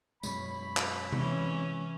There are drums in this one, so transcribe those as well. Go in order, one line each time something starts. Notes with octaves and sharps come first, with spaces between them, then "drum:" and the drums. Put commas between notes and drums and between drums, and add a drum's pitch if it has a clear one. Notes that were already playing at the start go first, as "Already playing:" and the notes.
F#2 B2 G#3 C#5 B5, drum: tambourine
drum: clap
C3 E3 G#3 C#4, drum: tom C3